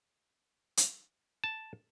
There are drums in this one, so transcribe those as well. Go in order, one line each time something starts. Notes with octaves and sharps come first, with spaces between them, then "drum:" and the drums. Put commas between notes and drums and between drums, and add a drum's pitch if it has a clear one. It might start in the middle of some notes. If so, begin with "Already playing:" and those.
drum: hi-hat
A5